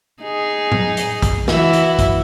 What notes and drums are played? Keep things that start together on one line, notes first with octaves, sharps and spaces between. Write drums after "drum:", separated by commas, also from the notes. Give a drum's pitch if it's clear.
D#4 G#4
drum: tom A2
drum: hi-hat
drum: kick, hi-hat
E3 E4 F#4, drum: snare
drum: hi-hat
drum: kick, hi-hat